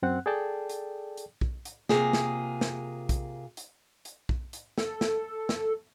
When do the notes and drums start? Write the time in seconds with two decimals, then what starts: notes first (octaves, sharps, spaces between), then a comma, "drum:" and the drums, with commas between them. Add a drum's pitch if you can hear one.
0.02 F#2 C4 F#5 F#6
0.26 G#4 A4 D5 G5 A5
0.69 drum: hi-hat
1.17 drum: hi-hat
1.41 drum: kick
1.65 drum: hi-hat
1.89 C3 A#3 F4 G#4, drum: snare
2.13 drum: snare
2.61 drum: snare
3.09 drum: kick, hi-hat
3.57 drum: hi-hat
4.05 drum: hi-hat
4.29 drum: kick
4.53 drum: hi-hat
4.78 A4, drum: snare
5.01 drum: snare
5.49 drum: snare